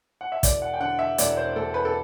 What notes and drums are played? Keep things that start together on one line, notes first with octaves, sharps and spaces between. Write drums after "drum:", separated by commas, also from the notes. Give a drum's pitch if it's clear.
F#5
E5
E1 D5, drum: kick, hi-hat
F#5
G5
D3 F#5
E5
E1 D5, drum: hi-hat
C5
E1 A4
B4
A4